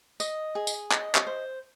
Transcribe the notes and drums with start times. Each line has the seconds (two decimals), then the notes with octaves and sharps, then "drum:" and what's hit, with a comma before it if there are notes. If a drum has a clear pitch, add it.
0.20 D#5, drum: tambourine
0.55 G#4
0.67 drum: tambourine
0.92 D#5, drum: clap
1.15 drum: clap
1.27 C5